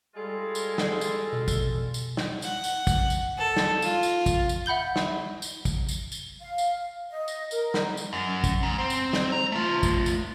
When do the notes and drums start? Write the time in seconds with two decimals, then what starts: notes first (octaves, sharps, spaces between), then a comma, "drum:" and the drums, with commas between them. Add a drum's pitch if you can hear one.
0.16 G3 G#3 F4 A4
0.55 drum: tambourine
0.78 drum: snare
1.01 drum: tambourine
1.33 B2
1.48 drum: kick, tambourine
1.94 drum: tambourine
2.17 drum: snare
2.42 F#5, drum: tambourine
2.64 drum: tambourine
2.87 drum: kick, tambourine
3.10 drum: tambourine
3.38 A4
3.57 drum: snare
3.82 F4, drum: tambourine
4.03 drum: tambourine
4.26 drum: kick, tambourine
4.49 drum: tambourine
4.66 E5 F#5 B5 G6 G7
4.96 drum: snare
5.42 drum: tambourine
5.65 drum: kick, tambourine
5.89 drum: tambourine
6.12 drum: tambourine
6.39 F5
6.58 drum: tambourine
7.11 D#5
7.28 drum: tambourine
7.51 A#4, drum: tambourine
7.74 drum: snare
7.97 drum: tambourine
8.13 F#2
8.44 drum: kick, tambourine
8.63 G#2
8.78 C4
8.90 drum: tambourine
9.13 drum: snare
9.32 A#5
9.52 A3 F4
9.83 drum: kick, tambourine
10.06 drum: tambourine